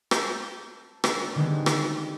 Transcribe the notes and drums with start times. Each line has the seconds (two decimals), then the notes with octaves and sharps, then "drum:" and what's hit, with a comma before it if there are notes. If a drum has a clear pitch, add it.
0.11 A5 A#5 G6, drum: rim click
1.04 A#3 D4 B4, drum: rim click
1.35 D3 D#3 G3 G#3 B3 C4
1.66 drum: rim click